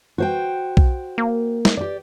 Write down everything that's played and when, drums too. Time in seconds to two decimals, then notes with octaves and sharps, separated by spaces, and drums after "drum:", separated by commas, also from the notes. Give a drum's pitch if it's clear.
0.18 F#4 C5 G5
0.77 drum: kick B1
1.18 A#3
1.65 drum: snare
1.77 G4 D5